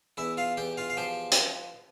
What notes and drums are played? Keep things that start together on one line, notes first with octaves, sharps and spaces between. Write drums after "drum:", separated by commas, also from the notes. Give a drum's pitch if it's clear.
E2 E4 E5
F4 F5
E2 G4 G5
F4 F5
F5
F3 G4 G5
drum: hi-hat